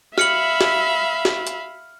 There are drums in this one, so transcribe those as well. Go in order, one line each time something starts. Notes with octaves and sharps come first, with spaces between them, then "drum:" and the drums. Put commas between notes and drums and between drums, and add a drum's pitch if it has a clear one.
E5 F5 B5 F6 C#7 F#7, drum: snare
drum: snare
drum: snare
drum: hi-hat